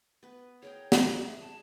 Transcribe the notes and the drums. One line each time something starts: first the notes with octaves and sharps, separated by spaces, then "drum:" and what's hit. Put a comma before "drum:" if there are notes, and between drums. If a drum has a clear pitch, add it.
B3 B4
G#4 A#4 C#5 G5
drum: snare
G#4 E5
A5